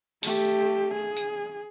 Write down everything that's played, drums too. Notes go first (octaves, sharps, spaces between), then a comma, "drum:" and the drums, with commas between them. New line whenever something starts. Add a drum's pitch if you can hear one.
A3 G4, drum: open hi-hat
G#4
drum: tambourine